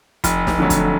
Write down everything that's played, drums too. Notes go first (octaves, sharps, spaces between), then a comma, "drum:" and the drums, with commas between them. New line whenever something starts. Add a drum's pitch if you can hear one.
F1, drum: kick, hi-hat
drum: snare
F2 D3 F#3 A3
drum: kick, hi-hat